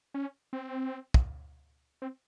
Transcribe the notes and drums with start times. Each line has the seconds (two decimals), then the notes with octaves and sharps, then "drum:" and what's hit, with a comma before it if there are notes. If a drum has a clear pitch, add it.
0.14 C#4
0.53 C4
1.14 drum: kick
2.02 C4